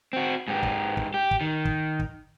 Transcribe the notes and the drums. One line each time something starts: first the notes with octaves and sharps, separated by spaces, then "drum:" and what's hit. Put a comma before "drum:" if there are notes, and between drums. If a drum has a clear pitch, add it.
C4 F#4
G#2 G4
drum: kick
drum: kick
G4
drum: kick
D#3
drum: kick
drum: kick